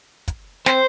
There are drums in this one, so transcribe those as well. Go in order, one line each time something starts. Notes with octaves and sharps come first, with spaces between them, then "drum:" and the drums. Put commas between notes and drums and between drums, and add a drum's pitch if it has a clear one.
drum: kick, hi-hat
C4 C5, drum: snare